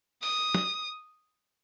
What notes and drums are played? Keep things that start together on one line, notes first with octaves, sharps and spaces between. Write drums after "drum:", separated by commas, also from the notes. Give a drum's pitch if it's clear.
D#6, drum: open hi-hat
drum: snare